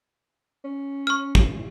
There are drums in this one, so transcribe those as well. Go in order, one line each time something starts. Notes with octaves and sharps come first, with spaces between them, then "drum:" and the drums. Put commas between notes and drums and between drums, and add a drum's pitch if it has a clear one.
C#4
C#6 F6
drum: kick